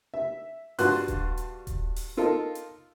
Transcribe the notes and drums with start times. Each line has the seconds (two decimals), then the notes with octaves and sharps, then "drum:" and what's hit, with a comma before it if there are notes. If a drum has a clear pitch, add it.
0.14 E5
0.79 G2 D4 F4 F#4 C6 F#6, drum: open hi-hat
1.08 drum: kick D#1, hi-hat
1.37 drum: hi-hat
1.67 drum: kick D#1, hi-hat
1.96 drum: open hi-hat
2.17 D#4 F4 A4 A#4
2.55 drum: hi-hat